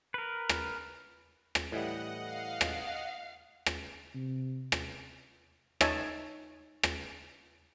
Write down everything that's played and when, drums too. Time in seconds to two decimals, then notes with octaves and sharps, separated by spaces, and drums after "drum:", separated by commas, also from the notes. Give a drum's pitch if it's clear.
0.14 A#4 B4
0.49 drum: rim click
1.55 drum: rim click
1.72 A2 E3 G3 D#5 F#5
2.28 F5
2.61 drum: rim click
3.66 drum: rim click
4.15 C3
4.72 drum: rim click
5.81 D#4 C#5 E5 G#5 A5, drum: rim click
6.83 drum: rim click